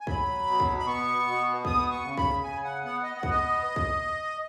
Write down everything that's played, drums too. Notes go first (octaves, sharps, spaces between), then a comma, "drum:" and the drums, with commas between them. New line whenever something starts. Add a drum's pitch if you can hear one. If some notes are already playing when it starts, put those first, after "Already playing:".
G#5
F#3 B5, drum: kick
B2
drum: kick
B5
B3 C#6
B2
B3 D#6, drum: kick
C#6
C#3
B5, drum: kick
C#3 G#5
F#5
B3 F#5
D#5
F#5
B3, drum: kick
D#5
drum: kick